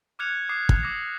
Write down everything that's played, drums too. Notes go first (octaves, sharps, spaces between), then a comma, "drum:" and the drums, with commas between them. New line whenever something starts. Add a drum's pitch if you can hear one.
D6 F6 F#6 G#6 C#7 F7
D6 D#6 G#6 C7
drum: kick
D6 E6 A#6